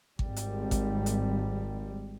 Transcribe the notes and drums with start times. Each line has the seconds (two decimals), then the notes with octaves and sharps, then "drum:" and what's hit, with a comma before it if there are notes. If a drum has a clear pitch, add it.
0.19 G#1 G3, drum: kick G#1
0.36 drum: hi-hat
0.71 drum: kick G#1, hi-hat
1.06 drum: hi-hat